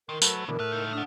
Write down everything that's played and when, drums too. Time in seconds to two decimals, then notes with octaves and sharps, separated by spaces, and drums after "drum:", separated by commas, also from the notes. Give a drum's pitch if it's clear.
0.09 D#3 A#4 C6
0.22 F#3 A3 A4 B4 C5, drum: tambourine
0.48 B2 D3 E3 A#4
0.59 A2 B4 E5 F6
0.72 C#2 D#4
0.93 D4 G#4 F#5